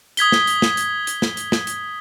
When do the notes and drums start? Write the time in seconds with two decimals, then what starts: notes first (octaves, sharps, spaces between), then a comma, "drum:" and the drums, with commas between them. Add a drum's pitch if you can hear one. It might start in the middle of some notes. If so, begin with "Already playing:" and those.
0.17 D#6 G#6 B6 G7, drum: hi-hat
0.32 drum: snare
0.47 drum: hi-hat
0.62 drum: snare
0.77 drum: hi-hat
1.07 drum: hi-hat
1.22 drum: snare
1.37 drum: hi-hat
1.52 drum: snare
1.67 drum: hi-hat